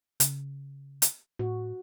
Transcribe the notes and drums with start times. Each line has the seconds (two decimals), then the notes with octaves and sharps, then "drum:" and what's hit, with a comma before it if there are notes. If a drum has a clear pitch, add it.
0.20 C#3, drum: hi-hat
1.02 drum: hi-hat
1.39 A2 F#4